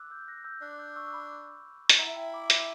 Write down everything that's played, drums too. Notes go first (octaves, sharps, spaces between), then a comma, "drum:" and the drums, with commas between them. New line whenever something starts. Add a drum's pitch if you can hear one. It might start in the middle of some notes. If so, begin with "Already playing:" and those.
Already playing: D6 E6 F#6
E6 G6
F#6 A#6
E6 G6
D4 D6 F#6
E6 G6
C#6 E6
E6
B5 D6
drum: hi-hat
E4 F#5 A#5
E5 G5
B5 D6
B5 D6, drum: hi-hat